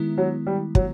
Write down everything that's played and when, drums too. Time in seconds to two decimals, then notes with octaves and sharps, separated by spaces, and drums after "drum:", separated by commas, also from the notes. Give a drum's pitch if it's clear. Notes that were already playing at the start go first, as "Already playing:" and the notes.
Already playing: D#3 G#3 B3 E4
0.18 F#3
0.47 G3
0.75 F#3, drum: kick